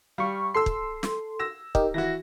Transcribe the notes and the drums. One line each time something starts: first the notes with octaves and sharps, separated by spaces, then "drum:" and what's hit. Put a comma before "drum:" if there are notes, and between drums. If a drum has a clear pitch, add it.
G3 F5 C#6
A4 C6 E6 C7
drum: kick
drum: snare
E6 A#6 E7
D#4 G4 A#4, drum: kick
E3 E4 F#4 A#6